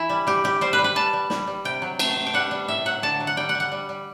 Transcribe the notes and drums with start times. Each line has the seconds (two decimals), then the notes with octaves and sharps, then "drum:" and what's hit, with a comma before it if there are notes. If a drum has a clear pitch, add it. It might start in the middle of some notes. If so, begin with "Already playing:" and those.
Already playing: E3 E4
0.09 G3
0.27 G3 G4
0.44 G3 G4
0.61 G3 C5
0.73 B4
0.79 G3
0.84 B4
0.96 G3 A5
1.13 G3
1.30 G3, drum: snare
1.47 G3
1.65 C3 G5
1.82 F#3
1.99 A3, drum: cymbal
2.17 A3
2.27 G5
2.34 G3 F#5
2.51 G3
2.68 A2 E5
2.85 F#3 F#5
3.02 D3 A5
3.20 F#3
3.27 F#5
3.37 G3 G5
3.49 F#5
3.55 G3
3.60 F#5
3.72 G3
3.89 G3